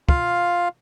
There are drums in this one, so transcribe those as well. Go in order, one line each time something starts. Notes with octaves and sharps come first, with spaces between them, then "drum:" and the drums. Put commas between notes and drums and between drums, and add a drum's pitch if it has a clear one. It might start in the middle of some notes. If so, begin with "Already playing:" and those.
F4 F5, drum: kick